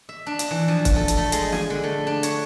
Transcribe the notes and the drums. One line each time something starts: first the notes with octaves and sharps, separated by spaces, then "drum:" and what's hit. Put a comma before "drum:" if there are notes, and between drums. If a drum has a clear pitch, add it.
E5
D4
drum: hi-hat
E3
F3
drum: kick, hi-hat
A4
drum: hi-hat
A3
G#3, drum: hi-hat
G#5, drum: snare
D3
A3
D4
C#5, drum: hi-hat